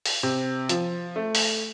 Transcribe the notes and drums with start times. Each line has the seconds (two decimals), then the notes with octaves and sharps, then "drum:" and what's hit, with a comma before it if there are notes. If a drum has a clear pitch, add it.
0.05 drum: open hi-hat
0.23 C3
0.69 F3, drum: hi-hat
1.16 A3
1.35 drum: open hi-hat